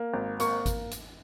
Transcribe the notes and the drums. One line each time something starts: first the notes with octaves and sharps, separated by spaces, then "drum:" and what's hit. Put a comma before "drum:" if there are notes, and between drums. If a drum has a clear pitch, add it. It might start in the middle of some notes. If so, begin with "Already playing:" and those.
Already playing: A#3
G#1
A#3 C#6, drum: hi-hat
drum: kick G#1, hi-hat
drum: hi-hat